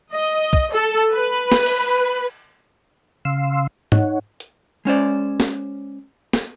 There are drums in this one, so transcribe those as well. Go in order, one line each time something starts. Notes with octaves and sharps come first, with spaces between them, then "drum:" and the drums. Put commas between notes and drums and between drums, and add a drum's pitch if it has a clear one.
D#5
drum: kick
A4
B4
drum: snare
drum: cymbal
C#3 F5 C6 E6
D#4 C#5 F#5, drum: tom G#2
drum: hi-hat
G#3 C#4 C5 D5
drum: snare
drum: snare